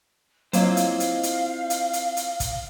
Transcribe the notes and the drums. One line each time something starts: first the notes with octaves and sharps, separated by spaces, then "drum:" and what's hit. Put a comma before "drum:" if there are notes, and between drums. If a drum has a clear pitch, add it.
F#3 A#3 C4 E4 F4 C5 D#5 F5, drum: hi-hat
drum: hi-hat
drum: hi-hat
drum: hi-hat
drum: hi-hat
drum: hi-hat
drum: hi-hat
drum: kick, hi-hat